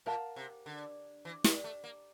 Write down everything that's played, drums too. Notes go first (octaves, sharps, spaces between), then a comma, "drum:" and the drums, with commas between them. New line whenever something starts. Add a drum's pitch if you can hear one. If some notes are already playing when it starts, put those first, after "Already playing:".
A#2 A#4 F5 A5
C3
D3
E3
G3, drum: snare
A3
A#3